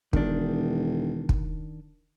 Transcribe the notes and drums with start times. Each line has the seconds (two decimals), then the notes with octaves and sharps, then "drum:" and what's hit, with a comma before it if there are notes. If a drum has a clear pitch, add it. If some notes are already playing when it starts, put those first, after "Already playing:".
0.13 E1 D#3 D4, drum: kick
1.29 drum: kick